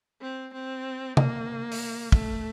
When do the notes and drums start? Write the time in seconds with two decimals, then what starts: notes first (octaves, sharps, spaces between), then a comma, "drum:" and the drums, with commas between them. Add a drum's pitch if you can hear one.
0.21 C4
0.53 C4
1.17 A#3, drum: tom C3
1.72 drum: open hi-hat
2.12 A3, drum: kick